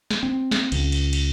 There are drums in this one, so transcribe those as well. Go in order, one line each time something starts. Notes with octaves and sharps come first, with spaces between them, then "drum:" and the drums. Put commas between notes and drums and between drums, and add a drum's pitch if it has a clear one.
drum: snare
C4
drum: snare
C#2, drum: cymbal
drum: cymbal
drum: cymbal